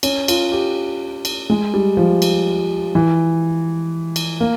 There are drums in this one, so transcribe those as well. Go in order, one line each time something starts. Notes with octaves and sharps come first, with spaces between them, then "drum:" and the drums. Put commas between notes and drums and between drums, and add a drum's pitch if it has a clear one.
C#4, drum: cymbal
F4, drum: cymbal
G4
drum: cymbal
G#3
G3
F3
drum: cymbal
E3
drum: cymbal
A#3